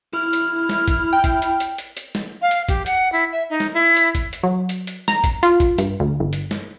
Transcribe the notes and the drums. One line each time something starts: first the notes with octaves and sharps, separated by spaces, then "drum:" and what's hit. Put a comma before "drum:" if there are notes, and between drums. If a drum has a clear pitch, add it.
E4 F6
drum: hi-hat
drum: snare
drum: kick A1, hi-hat
G5
drum: kick A1, hi-hat
drum: hi-hat
drum: hi-hat
drum: hi-hat
drum: hi-hat
drum: snare
F5
drum: hi-hat
G4, drum: kick A1, hi-hat
F#5, drum: hi-hat
E4
E5
D#4
drum: snare
E4
drum: hi-hat
drum: kick A1, hi-hat
drum: hi-hat
F#3
drum: hi-hat
drum: hi-hat
A#5, drum: snare
drum: kick A1, hi-hat
F4, drum: hi-hat
drum: kick A1, hi-hat
G2, drum: hi-hat
D2
G1
drum: hi-hat
drum: snare